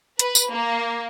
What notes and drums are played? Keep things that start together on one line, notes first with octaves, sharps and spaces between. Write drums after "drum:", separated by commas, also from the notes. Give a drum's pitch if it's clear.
B4, drum: hi-hat
drum: tambourine
A#3